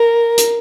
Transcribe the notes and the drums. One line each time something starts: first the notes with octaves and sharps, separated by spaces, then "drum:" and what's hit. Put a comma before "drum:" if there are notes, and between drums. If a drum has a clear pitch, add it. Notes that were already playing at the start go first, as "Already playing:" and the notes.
Already playing: A#4
drum: hi-hat